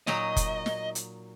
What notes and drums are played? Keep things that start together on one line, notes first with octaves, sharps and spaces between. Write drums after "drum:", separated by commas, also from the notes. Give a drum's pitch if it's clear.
A#2 F#3 D#4 D#5, drum: snare
drum: kick F1, hi-hat
drum: snare
drum: hi-hat